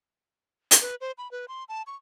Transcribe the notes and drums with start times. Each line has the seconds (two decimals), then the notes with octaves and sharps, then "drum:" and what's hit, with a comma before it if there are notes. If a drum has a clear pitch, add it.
0.71 drum: hi-hat
0.81 B4
1.01 C5
1.18 B5
1.31 B4
1.48 C6
1.69 A5
1.87 C#6